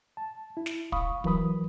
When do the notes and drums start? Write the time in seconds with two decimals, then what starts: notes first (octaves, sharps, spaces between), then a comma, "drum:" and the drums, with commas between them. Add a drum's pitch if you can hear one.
0.17 A5
0.57 E4
0.66 drum: snare
0.92 F5 B5 C#6 D#6, drum: kick
1.24 E3 F#3 A#4 B4 B5 D#6, drum: kick